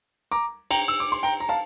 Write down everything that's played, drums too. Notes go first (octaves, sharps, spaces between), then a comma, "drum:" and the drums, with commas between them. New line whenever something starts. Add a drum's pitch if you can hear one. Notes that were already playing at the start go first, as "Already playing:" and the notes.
A#5 D6
G5 A#5, drum: cymbal
E6
D6
C6
G5 A#5
A#5
F5 A5